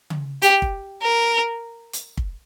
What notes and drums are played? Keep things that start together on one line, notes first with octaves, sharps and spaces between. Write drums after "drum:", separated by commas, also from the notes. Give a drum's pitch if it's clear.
drum: tom C#3
G4, drum: hi-hat
drum: kick
A#4
drum: hi-hat
drum: kick